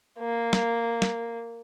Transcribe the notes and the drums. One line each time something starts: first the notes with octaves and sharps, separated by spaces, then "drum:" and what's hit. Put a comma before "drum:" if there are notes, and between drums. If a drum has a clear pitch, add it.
A#3
drum: snare
drum: snare